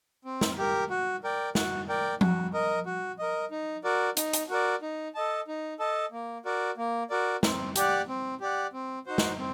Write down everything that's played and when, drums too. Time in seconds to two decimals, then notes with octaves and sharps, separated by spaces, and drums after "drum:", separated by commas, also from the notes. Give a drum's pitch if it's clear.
0.25 C4
0.41 drum: snare
0.58 G4 A#4
0.90 F#4
1.24 A#4 D5 G5
1.55 F#4, drum: snare
1.88 A#4 D5 G5
2.21 F#4, drum: tom F3
2.54 A#4 D#5
2.86 F#4
3.19 A#4 D#5
3.51 D#4
3.84 F#4 A#4 D5
4.17 D#4, drum: hi-hat
4.33 drum: hi-hat
4.49 F#4 A#4 D5
4.82 D#4
5.15 A4 D#5 A5
5.48 D#4
5.80 A4 D#5 A5
6.12 A#3
6.45 F#4 A#4 D5
6.77 A#3
7.10 F#4 A#4 D5
7.43 C4, drum: snare
7.76 G4 D5 F#5, drum: hi-hat
8.09 C4
8.40 G4 D5 F#5
8.73 C4
9.06 D#4 F#4 C5
9.18 drum: snare
9.38 C4